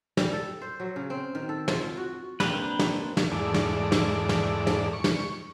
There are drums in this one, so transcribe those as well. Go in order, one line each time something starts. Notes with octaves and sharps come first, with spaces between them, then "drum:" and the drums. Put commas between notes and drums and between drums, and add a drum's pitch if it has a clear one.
G3, drum: snare
A4
C5
F#3
C#3
C4
D#3
A4
F4, drum: snare
F#4
A#3 C4 D4 B4, drum: snare
drum: snare
drum: snare
E2 G#2 A3 D5
drum: snare
drum: snare
drum: snare
drum: snare
C#6
drum: snare